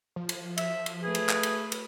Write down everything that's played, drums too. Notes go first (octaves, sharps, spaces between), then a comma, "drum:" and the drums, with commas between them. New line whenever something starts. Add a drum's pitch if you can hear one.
F3
drum: cymbal
E5, drum: cymbal
drum: cymbal
A3 G#4 B4
drum: cymbal
drum: clap
drum: cymbal
drum: cymbal